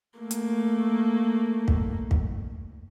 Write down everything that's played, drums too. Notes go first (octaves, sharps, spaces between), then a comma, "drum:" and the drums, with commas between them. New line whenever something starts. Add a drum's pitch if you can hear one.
A3 A#3
drum: hi-hat
drum: kick
drum: kick